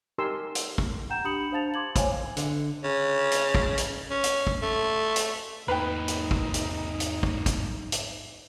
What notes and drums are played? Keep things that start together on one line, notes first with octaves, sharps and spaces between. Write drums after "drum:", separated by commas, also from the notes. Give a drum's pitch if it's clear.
D#4 G4 A#4 G#5 C6 E6
drum: hi-hat
drum: kick
F#5 G5 A#5 G6 E7
D4 G4 B5 D#6 C#7 F#7
D4 C5 F5 A5 A6 F7
C6 D6 G#6 F#7
C5 C#5 F5 G5 G#5, drum: kick, hi-hat
D3, drum: hi-hat
C#3
drum: hi-hat
drum: kick
drum: hi-hat
C#4
drum: hi-hat
drum: kick
A3
drum: hi-hat
E2 G#2 A#3 D#4 B4 G5
drum: hi-hat
drum: kick
drum: hi-hat
drum: hi-hat
drum: kick
drum: kick, hi-hat
drum: hi-hat